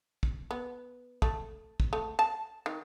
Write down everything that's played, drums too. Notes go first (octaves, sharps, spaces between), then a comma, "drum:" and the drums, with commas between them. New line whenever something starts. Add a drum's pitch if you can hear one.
drum: kick
B3
A3, drum: kick
drum: kick
A3
A5
D#3